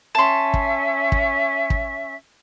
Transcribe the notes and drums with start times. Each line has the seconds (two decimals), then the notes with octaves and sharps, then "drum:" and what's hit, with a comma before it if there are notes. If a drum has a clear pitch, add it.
0.15 C#4 E5 A5 C6
0.54 drum: kick
1.12 drum: kick
1.70 drum: kick